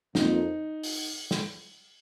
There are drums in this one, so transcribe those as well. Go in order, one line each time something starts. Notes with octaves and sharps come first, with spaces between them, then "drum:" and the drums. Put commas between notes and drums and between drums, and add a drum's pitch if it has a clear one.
F2 F3 A#3 D#4, drum: snare
drum: open hi-hat
drum: snare